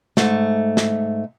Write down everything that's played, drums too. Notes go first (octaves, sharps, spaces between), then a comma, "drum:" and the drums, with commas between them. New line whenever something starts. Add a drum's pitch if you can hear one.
G#2 A3, drum: snare
drum: snare